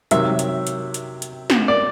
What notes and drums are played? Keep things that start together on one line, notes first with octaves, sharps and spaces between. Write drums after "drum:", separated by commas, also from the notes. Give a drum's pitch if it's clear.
C3 D#3 F#3 E5, drum: hi-hat
drum: hi-hat
drum: hi-hat
drum: hi-hat
drum: hi-hat
drum: snare
D5